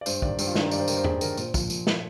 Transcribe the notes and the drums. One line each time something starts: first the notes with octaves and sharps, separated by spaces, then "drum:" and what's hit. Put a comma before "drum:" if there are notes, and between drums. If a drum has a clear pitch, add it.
D5
G2 C5, drum: tambourine
D#3 D5, drum: kick
G2 C5, drum: tambourine
F4
D#3 D4, drum: snare
D#4
G2 D5, drum: tambourine
C5
D#3 A#4, drum: tambourine
C5
G2 G#4, drum: tom
D#3 A#4, drum: tambourine
A#2 C5, drum: tambourine
F3, drum: kick, tambourine
A#2, drum: tambourine
F3, drum: snare